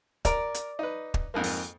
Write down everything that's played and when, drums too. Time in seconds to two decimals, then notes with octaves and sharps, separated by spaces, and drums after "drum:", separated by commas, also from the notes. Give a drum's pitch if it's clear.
0.25 A#4 D5 A#5, drum: kick, hi-hat
0.54 drum: hi-hat
0.79 D#4 B4
1.14 drum: kick
1.34 F2 G#2 A#3
1.44 drum: open hi-hat